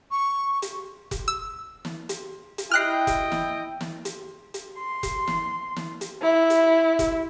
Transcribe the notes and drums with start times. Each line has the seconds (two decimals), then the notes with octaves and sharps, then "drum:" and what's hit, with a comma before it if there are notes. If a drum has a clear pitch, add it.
0.11 C#6
0.62 drum: hi-hat
1.11 drum: kick F1, hi-hat
1.28 E6
1.85 drum: snare
2.09 drum: hi-hat
2.58 drum: hi-hat
2.71 E4 D#5 G5 F6 F#6 C7
3.07 drum: kick F1, hi-hat
3.32 drum: snare
3.81 drum: snare
4.05 drum: hi-hat
4.54 drum: hi-hat
4.78 C6
5.03 drum: kick F1, hi-hat
5.27 drum: snare
5.76 drum: snare
6.01 drum: hi-hat
6.22 E4
6.50 drum: hi-hat
6.99 drum: kick F1, hi-hat